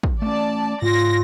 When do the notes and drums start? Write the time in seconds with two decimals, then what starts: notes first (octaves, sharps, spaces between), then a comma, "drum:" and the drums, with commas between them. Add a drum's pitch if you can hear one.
0.03 drum: kick
0.22 A3 C#4 D5 A5
0.82 G#2 F4 A#6